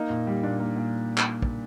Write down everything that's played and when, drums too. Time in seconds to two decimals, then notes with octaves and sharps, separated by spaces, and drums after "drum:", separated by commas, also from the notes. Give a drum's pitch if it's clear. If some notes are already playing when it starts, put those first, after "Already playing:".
Already playing: A#3 D#4
0.10 A#2
0.27 G3
0.43 A#2 D4
0.60 A#3
0.76 A#2
1.18 drum: clap
1.42 drum: kick